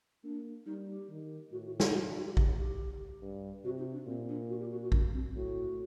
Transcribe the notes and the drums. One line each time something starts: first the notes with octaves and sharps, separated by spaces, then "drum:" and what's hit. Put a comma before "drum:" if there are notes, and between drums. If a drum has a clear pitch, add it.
A#3 D4
G3 D#4
G4
D#3
A2 F#4
F#4
F#4, drum: snare
F#4
D#4
F#4
G4
G4, drum: kick A#1
G4
G2
C3 F#4
D#4
D4
A#2 C4
D4
F#4
G4
F#4
F#4
D4, drum: kick A#1
C4
A2 F#4